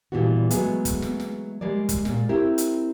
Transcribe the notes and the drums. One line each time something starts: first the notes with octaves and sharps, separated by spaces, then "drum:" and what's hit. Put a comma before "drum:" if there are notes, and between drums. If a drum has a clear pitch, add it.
A#2 E3 G3 B3 F#4
F#3 G#3 A3 B3 G#4, drum: hi-hat
drum: kick, hi-hat
drum: snare
drum: snare
G3 G#3 A#3 D5
drum: kick, hi-hat
A#2 G#3, drum: snare
C4 E4 G4 A#4
drum: hi-hat